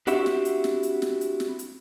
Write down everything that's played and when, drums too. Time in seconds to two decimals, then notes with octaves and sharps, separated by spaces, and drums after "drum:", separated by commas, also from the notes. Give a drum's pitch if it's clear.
0.07 C4 D4 E4 F#4 G4 E5, drum: hi-hat
0.26 drum: snare
0.45 drum: hi-hat
0.64 drum: snare
0.83 drum: hi-hat
1.02 drum: snare
1.21 drum: hi-hat
1.40 drum: snare
1.59 drum: hi-hat